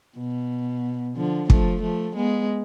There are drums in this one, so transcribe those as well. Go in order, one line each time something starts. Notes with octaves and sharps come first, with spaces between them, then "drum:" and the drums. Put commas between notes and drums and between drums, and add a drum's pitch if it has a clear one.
B2
D3 F3
F3 A3, drum: kick
F3 A3
G#3 B3